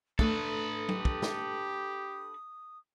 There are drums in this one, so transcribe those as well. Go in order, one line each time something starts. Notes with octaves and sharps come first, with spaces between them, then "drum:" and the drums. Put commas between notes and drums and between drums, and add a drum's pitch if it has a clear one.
A3 D4 A4 B4 D#6, drum: kick
G4, drum: tom F#3
drum: kick
drum: snare